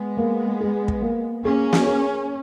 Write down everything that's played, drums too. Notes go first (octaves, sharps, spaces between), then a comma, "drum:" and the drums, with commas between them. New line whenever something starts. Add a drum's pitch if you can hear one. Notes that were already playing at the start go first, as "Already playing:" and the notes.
Already playing: G#3 B3
A#3
G#4
drum: kick
A#3
A#3 C#4 G#4
drum: snare
G#4